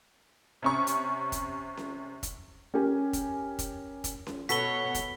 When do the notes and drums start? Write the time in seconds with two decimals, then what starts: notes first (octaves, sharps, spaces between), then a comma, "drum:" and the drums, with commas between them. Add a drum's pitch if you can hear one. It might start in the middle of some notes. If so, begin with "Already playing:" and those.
0.62 C3 C#4 C#6
0.87 drum: hi-hat
1.32 drum: kick, hi-hat
1.77 drum: snare C#4
2.23 drum: kick, hi-hat
2.74 C#4 G4 A#4 G#5
3.13 drum: kick, hi-hat
3.59 drum: kick, hi-hat
4.04 drum: kick, hi-hat
4.27 drum: snare C#4
4.49 B2 F#4 A4 B4 C#5 F#5 B6 G7, drum: hi-hat
4.95 drum: kick, hi-hat